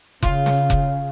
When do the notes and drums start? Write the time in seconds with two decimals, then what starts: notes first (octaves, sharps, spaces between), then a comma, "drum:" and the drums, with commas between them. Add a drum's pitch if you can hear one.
0.23 C#3 F4, drum: kick F1
0.46 drum: snare
0.70 drum: kick F1